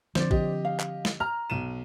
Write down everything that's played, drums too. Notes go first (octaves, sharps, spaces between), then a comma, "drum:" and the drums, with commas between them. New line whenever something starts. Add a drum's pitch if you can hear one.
D3 F3 C4 C5 D5, drum: snare
G4 D#5, drum: kick
F5
drum: clap
drum: snare
A#5 F6
B1 D#7 E7